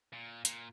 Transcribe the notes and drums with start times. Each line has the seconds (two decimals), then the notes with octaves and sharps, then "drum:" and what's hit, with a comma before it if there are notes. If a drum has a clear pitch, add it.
0.13 A#2
0.45 A#2, drum: hi-hat